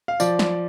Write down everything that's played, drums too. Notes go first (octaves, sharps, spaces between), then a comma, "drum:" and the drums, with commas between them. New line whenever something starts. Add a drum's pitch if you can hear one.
F5
F3 D5, drum: tambourine
drum: snare